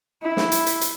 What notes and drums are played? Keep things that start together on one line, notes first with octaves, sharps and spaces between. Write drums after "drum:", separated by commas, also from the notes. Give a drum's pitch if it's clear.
E4
drum: snare
drum: hi-hat
drum: hi-hat
drum: hi-hat